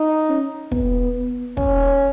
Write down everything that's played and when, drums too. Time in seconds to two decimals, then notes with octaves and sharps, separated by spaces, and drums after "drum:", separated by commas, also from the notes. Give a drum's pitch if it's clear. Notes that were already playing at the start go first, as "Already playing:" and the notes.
Already playing: D#4
0.29 C#4
0.72 B3, drum: kick
1.57 C#4, drum: kick